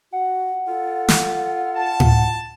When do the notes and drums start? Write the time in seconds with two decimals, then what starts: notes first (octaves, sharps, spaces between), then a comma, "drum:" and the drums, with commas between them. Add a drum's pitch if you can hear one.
0.13 F#4 F#5
0.68 F4 A4
1.08 drum: snare
1.77 A5
2.00 drum: tom A2